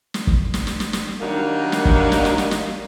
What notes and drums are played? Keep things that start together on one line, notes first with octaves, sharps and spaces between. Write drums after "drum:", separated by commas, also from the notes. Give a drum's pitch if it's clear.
drum: snare
drum: kick
drum: snare
drum: snare
drum: snare
drum: snare
D#3 F#3 G3 A#3 D4 D#4
drum: snare
drum: kick
drum: snare
drum: snare
drum: snare
drum: snare